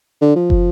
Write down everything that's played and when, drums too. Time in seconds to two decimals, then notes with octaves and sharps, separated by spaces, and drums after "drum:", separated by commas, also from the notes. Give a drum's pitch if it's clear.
0.21 D3
0.36 F3
0.50 drum: kick